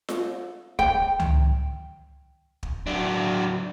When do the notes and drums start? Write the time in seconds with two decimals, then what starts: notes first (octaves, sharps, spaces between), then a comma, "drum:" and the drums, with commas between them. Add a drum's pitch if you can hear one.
0.09 drum: snare F4
0.79 G5, drum: kick
1.20 drum: tom C#2
2.63 drum: kick
2.87 F#3 D4